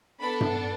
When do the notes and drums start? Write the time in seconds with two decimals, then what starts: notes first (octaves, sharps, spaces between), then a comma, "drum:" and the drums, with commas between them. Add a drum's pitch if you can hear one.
0.20 B3 D4 A4 B5
0.41 drum: tom G2